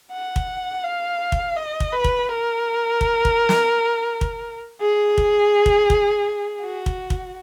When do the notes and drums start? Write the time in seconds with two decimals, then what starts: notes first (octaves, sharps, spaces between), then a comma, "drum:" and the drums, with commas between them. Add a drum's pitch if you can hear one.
0.12 F#5
0.36 drum: kick
0.84 F5
1.32 drum: kick
1.56 D#5
1.80 drum: kick
1.92 B4
2.04 drum: kick
2.28 A#4
3.01 drum: kick
3.25 drum: kick
3.49 drum: snare
4.21 drum: kick
4.81 G#4
5.18 drum: kick
5.66 drum: kick
5.90 drum: kick
6.62 F#4
6.86 drum: kick
7.10 drum: kick